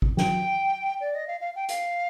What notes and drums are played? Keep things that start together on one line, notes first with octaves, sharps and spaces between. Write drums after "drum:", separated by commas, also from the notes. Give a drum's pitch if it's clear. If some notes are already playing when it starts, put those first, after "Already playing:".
drum: kick
G5, drum: snare
D5
D#5
F5
F5
G5
F5, drum: hi-hat